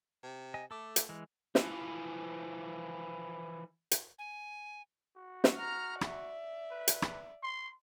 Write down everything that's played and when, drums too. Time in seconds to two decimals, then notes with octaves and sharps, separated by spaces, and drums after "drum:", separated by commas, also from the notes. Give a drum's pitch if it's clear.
0.23 C3
0.54 D#5 G#5
0.71 A3 A4 D6
0.96 drum: hi-hat
1.09 E3 G#3
1.55 E3 F3, drum: snare
3.91 drum: hi-hat
4.19 G#5
5.17 F#4
5.44 drum: snare
5.57 A#5 F6
6.01 D5 E5, drum: rim click
6.71 B4
6.88 drum: hi-hat
7.02 drum: rim click
7.43 C6